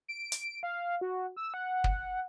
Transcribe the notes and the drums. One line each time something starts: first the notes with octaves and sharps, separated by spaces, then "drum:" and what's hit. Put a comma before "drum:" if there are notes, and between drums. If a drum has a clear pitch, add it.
D7
drum: hi-hat
F5
F#4
E6
F#5
drum: kick